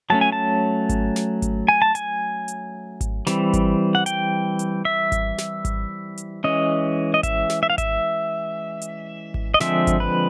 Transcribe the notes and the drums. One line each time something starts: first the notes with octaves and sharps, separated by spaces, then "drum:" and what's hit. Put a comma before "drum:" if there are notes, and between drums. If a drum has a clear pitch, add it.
F#3 A3 C#4 A5
G#5
A5
drum: kick G#1, hi-hat
drum: snare
drum: kick G#1, hi-hat
G#5
A5
G#5, drum: hi-hat
drum: hi-hat
drum: kick G#1, hi-hat
E3 G3 C4, drum: snare
drum: kick G#1, hi-hat
F#5
G5, drum: hi-hat
drum: hi-hat
E5
drum: kick G#1, hi-hat
drum: snare
drum: kick G#1, hi-hat
drum: hi-hat
E3 G#3 C#4 D#5
D#5
E5, drum: kick G#1, hi-hat
drum: snare
E5
F5
E5, drum: kick G#1, hi-hat
drum: hi-hat
drum: kick G#1
D#5
D3 F3 G#3 C4 E5, drum: snare
drum: kick G#1, hi-hat
B4